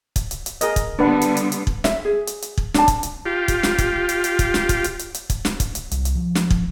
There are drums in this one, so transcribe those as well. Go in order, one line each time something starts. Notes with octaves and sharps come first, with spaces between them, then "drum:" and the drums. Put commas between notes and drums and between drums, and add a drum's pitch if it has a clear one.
drum: kick, hi-hat
drum: hi-hat
drum: hi-hat
G#4 A#4 D#5, drum: hi-hat
drum: kick, hi-hat
D3 G3 B3 D4 B4 F#5
drum: hi-hat
drum: hi-hat
drum: hi-hat
drum: kick
E5, drum: snare
G#4
drum: hi-hat
drum: hi-hat
drum: kick
D4 A5, drum: snare
drum: kick, hi-hat
drum: hi-hat
F4 G4
drum: kick, hi-hat
drum: snare
drum: kick, hi-hat
drum: hi-hat
drum: hi-hat
drum: kick, hi-hat
drum: snare
drum: kick, hi-hat
drum: hi-hat
drum: hi-hat
drum: hi-hat
drum: kick, hi-hat
drum: snare
drum: kick, hi-hat
drum: hi-hat
C2, drum: hi-hat
drum: hi-hat
F3
drum: snare
drum: kick